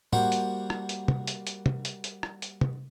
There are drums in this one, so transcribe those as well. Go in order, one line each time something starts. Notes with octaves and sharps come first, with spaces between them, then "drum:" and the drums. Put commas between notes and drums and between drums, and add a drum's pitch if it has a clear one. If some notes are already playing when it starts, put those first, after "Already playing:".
G3 A#3 F#4 C5 F#5 G5, drum: tom A2
drum: hi-hat
drum: rim click
drum: hi-hat
drum: tom
drum: hi-hat
drum: hi-hat
drum: tom
drum: hi-hat
drum: hi-hat
drum: rim click
drum: hi-hat
drum: tom